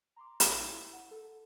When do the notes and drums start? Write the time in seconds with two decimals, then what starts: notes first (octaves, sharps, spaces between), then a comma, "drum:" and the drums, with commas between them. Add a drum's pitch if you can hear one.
0.16 A#5 C6 D6
0.40 A1, drum: hi-hat
0.65 E4
0.93 F#5
1.11 A4